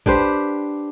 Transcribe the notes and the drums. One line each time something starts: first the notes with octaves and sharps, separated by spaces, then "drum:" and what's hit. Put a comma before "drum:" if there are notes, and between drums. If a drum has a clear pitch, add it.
D4 G4 B4 C5, drum: kick